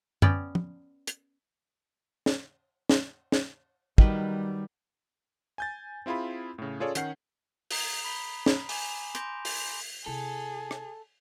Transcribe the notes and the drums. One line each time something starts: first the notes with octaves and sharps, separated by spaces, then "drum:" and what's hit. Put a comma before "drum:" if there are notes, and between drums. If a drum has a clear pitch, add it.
B3 C#4 D5 G5, drum: tom F#2
drum: tom
drum: hi-hat
drum: snare
drum: snare
drum: snare
D#3 F#3 G3 B4, drum: kick
G#5 G6 A6
C4 E4 F4 G#4 B5
A2 C#3
C#4 F4 G#4 A4 C#5 D5
D#3 C#4 F#5 G6 C7, drum: hi-hat
A#5 D#6 C7 D7, drum: open hi-hat
B5 B6 G7
drum: snare
G#5 D6 E7, drum: open hi-hat
C6 D6 G6 A#6 D7 F7, drum: hi-hat
drum: open hi-hat
C3 E4 G#4 A4
drum: rim click